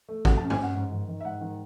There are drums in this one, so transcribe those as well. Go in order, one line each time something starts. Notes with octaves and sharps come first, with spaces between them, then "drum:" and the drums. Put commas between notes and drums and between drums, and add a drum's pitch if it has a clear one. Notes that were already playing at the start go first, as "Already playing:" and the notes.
A3
C3 F#5, drum: kick
A5
C#4
G#5, drum: tom G2
C#4 F#5
G#2
D#3
D#3
E5
G#2 F#5
D#3